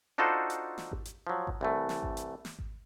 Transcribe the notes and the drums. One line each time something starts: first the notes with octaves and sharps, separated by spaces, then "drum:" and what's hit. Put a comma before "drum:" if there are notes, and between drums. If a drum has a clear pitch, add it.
D4 D#4 F4 F#4 A4 C5
drum: hi-hat
drum: snare
drum: kick G#1
drum: hi-hat
F3 F#3
drum: kick G#1
C2 E3 A3
drum: snare
drum: kick G#1
drum: hi-hat
drum: snare
drum: kick G#1